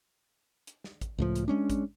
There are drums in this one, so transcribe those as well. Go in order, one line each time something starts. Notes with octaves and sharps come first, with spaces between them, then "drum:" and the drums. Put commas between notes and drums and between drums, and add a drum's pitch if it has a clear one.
drum: hi-hat
drum: snare
drum: kick, hi-hat
C#2 A2 F3
drum: hi-hat
G#3 C#4 D4
drum: kick, hi-hat